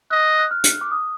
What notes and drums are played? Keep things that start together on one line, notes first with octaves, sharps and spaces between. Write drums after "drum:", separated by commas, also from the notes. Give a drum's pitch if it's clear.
D#5 F#6
F#6
F6
drum: hi-hat
D6
D#6